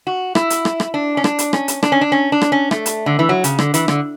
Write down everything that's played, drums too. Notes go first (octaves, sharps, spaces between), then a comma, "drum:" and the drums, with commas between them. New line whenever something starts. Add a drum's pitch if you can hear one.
F#4
E4, drum: rim click
drum: hi-hat
drum: rim click
drum: rim click
D4
C#4
D4, drum: rim click
drum: hi-hat
C#4, drum: rim click
drum: hi-hat
D4, drum: rim click
C#4
D4
C#4
D4
drum: rim click
C#4
A3, drum: rim click
drum: hi-hat
D3
E3
F#3
C#3, drum: hi-hat
D3, drum: rim click
E3, drum: hi-hat
D3, drum: rim click